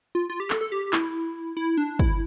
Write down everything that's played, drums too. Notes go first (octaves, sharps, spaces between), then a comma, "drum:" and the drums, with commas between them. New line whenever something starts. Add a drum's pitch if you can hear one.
F4
F4
G4
A4, drum: clap
A4
G4
E4, drum: clap
E4
D4
E4, drum: kick